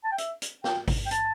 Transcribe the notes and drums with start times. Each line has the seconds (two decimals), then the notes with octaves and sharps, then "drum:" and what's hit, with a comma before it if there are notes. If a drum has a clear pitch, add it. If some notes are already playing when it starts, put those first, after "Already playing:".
0.04 A5
0.12 G5
0.18 E5, drum: hi-hat
0.42 drum: hi-hat
0.64 G5, drum: snare
0.88 drum: kick G#1, open hi-hat
1.06 G5
1.11 A5, drum: hi-hat